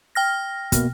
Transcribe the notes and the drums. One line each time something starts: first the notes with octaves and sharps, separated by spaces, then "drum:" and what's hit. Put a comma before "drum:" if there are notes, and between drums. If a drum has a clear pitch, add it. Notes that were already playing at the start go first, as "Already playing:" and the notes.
G5 F6 A#6
B2 A#3, drum: kick, hi-hat